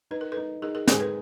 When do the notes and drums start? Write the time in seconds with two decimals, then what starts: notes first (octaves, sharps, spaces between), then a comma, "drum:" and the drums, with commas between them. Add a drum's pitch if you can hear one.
0.11 D#4 B4
0.21 A#4
0.32 D#4 A4 B4
0.62 D#4 G#4 A#4
0.75 G#4 A#4
0.88 G#3 A#4 C5, drum: snare
1.00 A4 B4